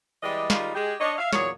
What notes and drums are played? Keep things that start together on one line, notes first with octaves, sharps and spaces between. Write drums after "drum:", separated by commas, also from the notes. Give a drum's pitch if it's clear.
E3 G3 G#3 G4 D5 D#5
D#3 G3 G#3 D#4 F4, drum: snare
G#3 G4 G#4
D4 C#5 D#5
E5 F5
E2 A#2 F#3 G#4 C#5, drum: snare